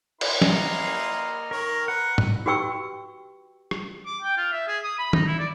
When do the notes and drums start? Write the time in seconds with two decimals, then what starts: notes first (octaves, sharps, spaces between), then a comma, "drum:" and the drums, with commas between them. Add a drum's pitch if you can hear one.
0.21 E4 B4 F#5 B5 C6, drum: cymbal
0.42 A#3 D#5 F6, drum: snare
1.51 D#3 A#4 C#5
1.88 A#4 B4 F#5
2.18 drum: tom
2.46 F#4 G4 B4 G5 C#6 E6
3.71 drum: rim click
4.06 D6
4.22 G5
4.37 F4
4.52 E5
4.68 G#4
4.84 D#6
4.98 B5
5.13 D#4, drum: tom D#3
5.27 E4
5.39 D5